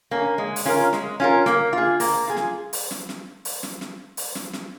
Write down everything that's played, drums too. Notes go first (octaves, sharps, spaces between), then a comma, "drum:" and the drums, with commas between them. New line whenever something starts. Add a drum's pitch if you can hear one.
A#3 C#4
G#3
drum: open hi-hat
C#4 F4 A#4
G#3, drum: snare
C#4 F4 A#4
A#3, drum: snare
F4 G#4
A#3, drum: open hi-hat
F4 G#4
drum: snare
drum: open hi-hat
drum: snare
drum: snare
drum: open hi-hat
drum: snare
drum: snare
drum: open hi-hat
drum: snare
drum: snare